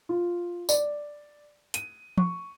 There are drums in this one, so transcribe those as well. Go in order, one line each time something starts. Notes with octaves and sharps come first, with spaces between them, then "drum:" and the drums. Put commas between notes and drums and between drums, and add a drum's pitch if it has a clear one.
F4
D5, drum: tambourine
D#7, drum: hi-hat
C#6, drum: tom